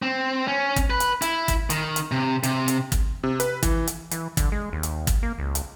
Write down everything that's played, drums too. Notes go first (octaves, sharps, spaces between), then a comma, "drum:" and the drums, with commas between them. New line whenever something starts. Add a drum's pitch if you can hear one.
C4
C#4
drum: kick, hi-hat
B4
drum: hi-hat
E4, drum: hi-hat
drum: kick, hi-hat
D#3, drum: hi-hat
drum: hi-hat
C3
C3, drum: hi-hat
drum: hi-hat
drum: kick, hi-hat
C3
B4, drum: hi-hat
E3, drum: kick, hi-hat
drum: hi-hat
E3, drum: hi-hat
D3, drum: kick, hi-hat
G#3
D#2
drum: hi-hat
drum: kick, hi-hat
A#3
C#2
drum: hi-hat